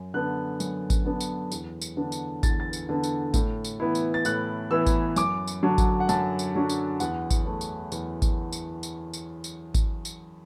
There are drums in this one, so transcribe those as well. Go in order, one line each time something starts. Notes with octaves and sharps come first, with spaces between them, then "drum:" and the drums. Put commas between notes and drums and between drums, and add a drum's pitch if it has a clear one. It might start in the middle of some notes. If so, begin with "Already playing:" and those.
Already playing: F#2
D3 B3 D4 F#6
F#2, drum: tambourine
drum: kick G#1, tambourine
D3 B3 D4
drum: tambourine
E2, drum: tambourine
drum: tambourine
D3 B3 D4
drum: tambourine
E2 A6, drum: kick G#1, tambourine
A6
drum: tambourine
D3 B3 D4
drum: tambourine
A2, drum: kick G#1, tambourine
drum: tambourine
E3 B3 E4
drum: tambourine
A6
A2 F#6, drum: tambourine
E3 B3 E4 E6
drum: kick G#1, tambourine
F#2 D6, drum: tambourine
drum: tambourine
D3 F#3 D4
drum: kick G#1, tambourine
F#5
F#2 A5, drum: tambourine
drum: tambourine
D3 F#3 D4
drum: tambourine
E2 F#5, drum: tambourine
drum: kick G#1, tambourine
E3 A3
drum: tambourine
E2, drum: tambourine
drum: kick G#1, tambourine
drum: tambourine
drum: tambourine
drum: tambourine
drum: tambourine
drum: kick G#1, tambourine
drum: tambourine